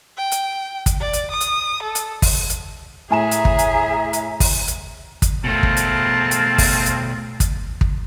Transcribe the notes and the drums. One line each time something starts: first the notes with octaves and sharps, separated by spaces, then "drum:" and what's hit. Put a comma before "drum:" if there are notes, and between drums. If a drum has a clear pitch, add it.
G5
drum: hi-hat
drum: kick, hi-hat
D5
drum: hi-hat
D#6
drum: hi-hat
A4
drum: hi-hat
drum: kick, open hi-hat
drum: hi-hat
A2 G#4 E5 G#5 A#5 E7
drum: hi-hat
drum: kick
drum: hi-hat
drum: hi-hat
drum: kick, open hi-hat
drum: hi-hat
drum: kick, hi-hat
B2 A3 C4 F5 A5
drum: kick
drum: hi-hat
drum: hi-hat
drum: kick, open hi-hat
drum: hi-hat
drum: kick, hi-hat
drum: kick